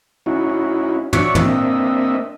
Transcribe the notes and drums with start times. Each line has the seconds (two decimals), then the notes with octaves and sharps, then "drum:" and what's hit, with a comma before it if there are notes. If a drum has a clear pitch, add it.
0.26 C#4 D#4 E4 F#4
1.13 F#4 C#5 D5 E5 C#6, drum: tom
1.35 A#3 C4 D4 D#5 E5, drum: tom